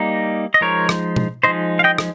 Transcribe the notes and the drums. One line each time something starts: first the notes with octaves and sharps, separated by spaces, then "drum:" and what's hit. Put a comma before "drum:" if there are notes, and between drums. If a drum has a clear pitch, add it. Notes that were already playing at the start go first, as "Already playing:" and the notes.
Already playing: G3 A#3 D#4
D#5
F3 G#3 D#4 A#4 C#5
drum: rim click
drum: tom B2
F3 G#3 D#4 C5 D#5
F5
D#5 G5
drum: rim click